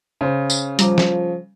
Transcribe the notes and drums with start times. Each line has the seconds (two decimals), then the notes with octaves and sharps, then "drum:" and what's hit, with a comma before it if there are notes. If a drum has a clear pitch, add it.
0.21 C#3 C5
0.50 drum: tambourine
0.79 F3 G3 A#5 D6, drum: hi-hat
0.98 drum: snare